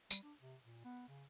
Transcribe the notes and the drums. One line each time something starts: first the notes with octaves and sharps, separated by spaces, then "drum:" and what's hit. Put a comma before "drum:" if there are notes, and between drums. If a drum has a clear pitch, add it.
G3, drum: tambourine
D4
C3
A#2
B3
C#3